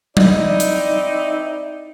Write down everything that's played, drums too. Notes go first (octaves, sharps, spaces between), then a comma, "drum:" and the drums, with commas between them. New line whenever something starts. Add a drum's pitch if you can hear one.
C4 D#4 E4 D5, drum: tom F#3
drum: hi-hat